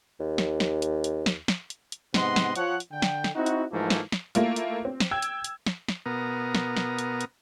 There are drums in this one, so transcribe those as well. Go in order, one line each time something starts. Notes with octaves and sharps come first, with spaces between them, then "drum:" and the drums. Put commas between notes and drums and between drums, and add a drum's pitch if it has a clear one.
D#2
drum: snare
drum: snare
drum: hi-hat
drum: hi-hat
drum: snare
drum: snare
drum: hi-hat
drum: hi-hat
G#2 C3 B3 D#5 F#5 C6, drum: snare
drum: snare
F3 C#5 F#5, drum: hi-hat
drum: hi-hat
D3 G5
drum: snare
drum: snare
C4 D#4 E4 F#4
drum: hi-hat
G#2 E3 F3 A3 A#3
drum: snare
drum: snare
A3 A#3 E4 F4, drum: hi-hat
drum: hi-hat
C4
drum: snare
G5 E6 G#6
drum: hi-hat
drum: hi-hat
drum: snare
drum: snare
B2 B3 A#4 A#5 D#6
drum: snare
drum: snare
drum: hi-hat
drum: hi-hat